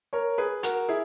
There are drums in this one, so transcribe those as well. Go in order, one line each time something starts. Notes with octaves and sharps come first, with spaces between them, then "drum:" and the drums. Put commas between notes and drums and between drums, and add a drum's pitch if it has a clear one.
A#4 C#5
G#4 B4
F#4 A#4, drum: hi-hat
E4 G#4